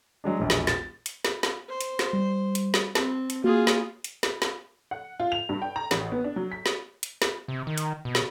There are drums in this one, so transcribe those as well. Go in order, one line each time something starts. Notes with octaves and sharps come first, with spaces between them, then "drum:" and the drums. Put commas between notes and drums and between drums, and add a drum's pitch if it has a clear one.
F#3 G#3 D4
E1 A#1
drum: snare
A6, drum: snare
drum: hi-hat
drum: snare
drum: snare
C5
drum: hi-hat
drum: snare
G3
drum: hi-hat
drum: snare
C4 A5, drum: snare
drum: hi-hat
A#3 F4 F#4 G#4
drum: snare
drum: hi-hat
drum: snare
drum: snare
F#5
F4
F7
G2
G5
A#5
A1, drum: snare
B3
D4
F#3
B6
drum: snare
drum: hi-hat
drum: snare
C3
D#3
drum: hi-hat
B2
drum: snare